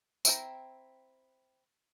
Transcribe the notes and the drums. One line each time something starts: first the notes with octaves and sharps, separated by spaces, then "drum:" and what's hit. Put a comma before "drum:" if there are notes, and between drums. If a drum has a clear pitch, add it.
C4 E4 F5 G5 A#5, drum: tambourine